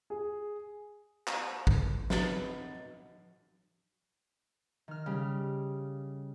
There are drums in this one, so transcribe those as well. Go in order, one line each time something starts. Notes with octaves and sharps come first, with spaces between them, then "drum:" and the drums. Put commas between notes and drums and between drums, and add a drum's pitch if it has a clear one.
G#4
drum: clap
drum: kick A1
B3 C4 D#4 B4 A6, drum: snare
D#3 F6
C#3 G3